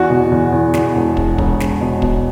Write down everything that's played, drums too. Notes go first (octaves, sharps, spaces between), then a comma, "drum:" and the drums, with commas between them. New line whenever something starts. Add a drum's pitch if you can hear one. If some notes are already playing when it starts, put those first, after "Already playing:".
Already playing: E2 F#4
B2
E2
E2
E2, drum: snare
E1
E1, drum: kick
E1, drum: kick
E1, drum: snare
B2
B2, drum: kick